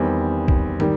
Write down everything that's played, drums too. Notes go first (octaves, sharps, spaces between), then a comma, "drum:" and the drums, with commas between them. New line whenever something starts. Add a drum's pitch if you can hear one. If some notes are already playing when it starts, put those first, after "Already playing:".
Already playing: E2 D#3 G3 C4
drum: kick
D#3 G3, drum: tom